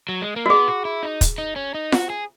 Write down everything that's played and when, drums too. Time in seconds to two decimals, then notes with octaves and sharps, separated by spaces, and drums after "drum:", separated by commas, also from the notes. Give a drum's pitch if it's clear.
0.09 F#3
0.22 G#3
0.36 A#3
0.46 F#4
0.49 B3 G#4
0.68 F#4
0.85 E4
1.03 D#4
1.21 drum: kick, hi-hat
1.38 D#4
1.56 C#4
1.75 D#4
1.92 F#4, drum: snare F4
2.10 G#4